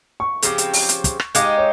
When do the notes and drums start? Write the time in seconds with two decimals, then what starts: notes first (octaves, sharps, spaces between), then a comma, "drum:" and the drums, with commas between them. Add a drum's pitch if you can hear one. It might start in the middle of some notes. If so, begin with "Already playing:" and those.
0.20 C#6
0.42 C#3 F3 C4 G4, drum: hi-hat
0.58 drum: hi-hat
0.73 drum: open hi-hat
0.89 drum: hi-hat
1.04 drum: kick, hi-hat
1.20 drum: rim click
1.35 G#3 D#4 G4 F5, drum: hi-hat
1.58 C#5